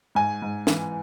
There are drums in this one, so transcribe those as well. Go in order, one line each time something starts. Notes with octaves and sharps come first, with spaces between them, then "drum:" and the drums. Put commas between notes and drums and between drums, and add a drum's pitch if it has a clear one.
G#2 G#5
G#2
E3, drum: snare